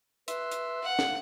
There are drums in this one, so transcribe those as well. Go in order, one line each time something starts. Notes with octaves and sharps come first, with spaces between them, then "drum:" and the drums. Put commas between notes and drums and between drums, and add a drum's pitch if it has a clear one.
B4 E5 C6, drum: hi-hat
drum: hi-hat
F5 F#5
drum: snare